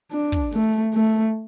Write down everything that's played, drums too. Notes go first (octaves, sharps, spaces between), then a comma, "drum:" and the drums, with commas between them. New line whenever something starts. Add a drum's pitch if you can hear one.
D4, drum: hi-hat
drum: kick, open hi-hat
A3, drum: open hi-hat
drum: hi-hat
A3, drum: hi-hat
drum: hi-hat